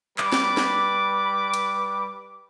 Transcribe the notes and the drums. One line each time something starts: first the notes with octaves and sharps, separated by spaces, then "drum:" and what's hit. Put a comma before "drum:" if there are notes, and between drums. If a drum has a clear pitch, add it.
G3 B4 B5 D6, drum: clap
drum: snare
drum: snare
drum: hi-hat